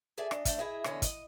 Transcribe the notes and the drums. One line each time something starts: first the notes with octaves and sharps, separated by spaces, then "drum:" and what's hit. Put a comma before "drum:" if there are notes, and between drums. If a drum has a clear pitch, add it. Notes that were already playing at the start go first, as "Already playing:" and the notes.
G#4 A4 D5 E5 G#5
D4 D#5, drum: rim click
A3 D4, drum: kick, hi-hat
E4 G#4 D#5 E5
E2 D3 C#4 D#5 E5, drum: rim click
D#5, drum: kick, hi-hat